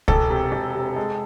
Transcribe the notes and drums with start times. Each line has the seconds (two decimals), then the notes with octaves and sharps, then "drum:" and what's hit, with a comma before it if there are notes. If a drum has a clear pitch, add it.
0.08 E1 A4, drum: kick
0.30 C3
0.52 E1
0.75 C3
0.96 G#3